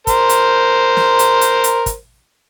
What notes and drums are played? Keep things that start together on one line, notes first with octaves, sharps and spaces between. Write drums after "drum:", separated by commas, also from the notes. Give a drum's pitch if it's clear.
A#4 C5, drum: kick, hi-hat
drum: hi-hat
drum: snare
drum: hi-hat
drum: hi-hat
drum: hi-hat
drum: kick, hi-hat